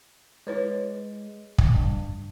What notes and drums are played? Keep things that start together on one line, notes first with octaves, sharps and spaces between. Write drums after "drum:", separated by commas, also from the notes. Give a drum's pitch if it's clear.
G#3 E4 B4 C#5
drum: kick
G2